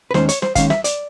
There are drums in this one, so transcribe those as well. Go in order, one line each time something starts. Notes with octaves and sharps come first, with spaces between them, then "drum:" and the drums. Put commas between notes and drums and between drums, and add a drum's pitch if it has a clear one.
B4
D#2 D#3 G#3 C#4 C5, drum: snare
C#5, drum: hi-hat
C5, drum: snare
D#2 D#3 G#3 C#4 F5, drum: kick, hi-hat
E5, drum: snare
D5, drum: hi-hat